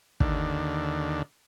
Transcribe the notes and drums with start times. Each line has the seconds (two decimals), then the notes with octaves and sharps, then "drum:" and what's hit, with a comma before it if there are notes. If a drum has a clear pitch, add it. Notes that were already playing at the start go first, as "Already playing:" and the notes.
0.20 D#2 D3, drum: kick